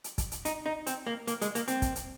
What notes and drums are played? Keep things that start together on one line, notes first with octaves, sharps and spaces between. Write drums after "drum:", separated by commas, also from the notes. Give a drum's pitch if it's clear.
drum: hi-hat
drum: kick, hi-hat
drum: hi-hat
D#4, drum: hi-hat
D#4
C4, drum: hi-hat
A#3
A#3, drum: hi-hat
G#3, drum: hi-hat
A#3, drum: hi-hat
C4, drum: hi-hat
drum: kick, hi-hat
drum: hi-hat